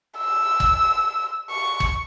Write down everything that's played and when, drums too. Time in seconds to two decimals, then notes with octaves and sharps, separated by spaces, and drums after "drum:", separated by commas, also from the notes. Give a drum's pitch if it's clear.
0.20 E6
0.60 drum: kick G1
1.50 C#6
1.80 drum: kick G1